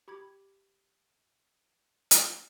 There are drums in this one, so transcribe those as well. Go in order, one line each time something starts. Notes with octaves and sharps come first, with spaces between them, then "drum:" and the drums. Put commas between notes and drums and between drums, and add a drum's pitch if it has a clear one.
G4 B5 D6 G#6
drum: hi-hat